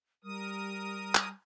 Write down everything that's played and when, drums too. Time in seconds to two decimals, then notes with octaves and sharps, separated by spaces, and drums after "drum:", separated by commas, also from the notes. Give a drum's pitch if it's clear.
0.24 G3 A#4 D#6
1.15 drum: clap